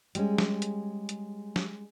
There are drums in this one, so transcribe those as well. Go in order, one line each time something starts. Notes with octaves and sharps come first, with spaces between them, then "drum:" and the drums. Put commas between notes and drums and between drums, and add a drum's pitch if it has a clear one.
G3 G#3 C#4, drum: hi-hat
drum: snare
drum: hi-hat
drum: hi-hat
drum: snare